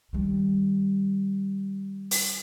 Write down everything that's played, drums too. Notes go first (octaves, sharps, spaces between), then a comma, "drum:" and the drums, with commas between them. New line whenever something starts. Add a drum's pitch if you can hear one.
D#3 G3
drum: open hi-hat